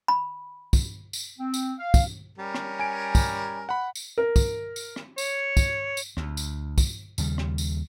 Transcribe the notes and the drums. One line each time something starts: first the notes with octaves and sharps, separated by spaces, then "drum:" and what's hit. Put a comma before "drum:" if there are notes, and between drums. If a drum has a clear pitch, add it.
B5
drum: kick, tambourine
drum: tambourine
C4
drum: tambourine
F5
drum: kick, tambourine
G3 C#4 A#4
drum: rim click
G#5 D7
drum: kick, tambourine
F#5 B5
drum: tambourine
A#4
drum: kick, tambourine
drum: tambourine
drum: rim click
C#5, drum: tambourine
drum: kick, tambourine
drum: tambourine
D2, drum: rim click
drum: tambourine
drum: kick, tambourine
D#2 C#3 G3, drum: tambourine
drum: rim click
drum: tambourine